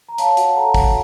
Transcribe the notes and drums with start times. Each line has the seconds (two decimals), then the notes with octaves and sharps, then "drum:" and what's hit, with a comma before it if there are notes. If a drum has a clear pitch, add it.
0.09 A#5
0.18 C#5 F5 A5, drum: hi-hat
0.37 F#4 F#5, drum: hi-hat
0.56 A4 F#5 A#5
0.74 F#4, drum: kick, open hi-hat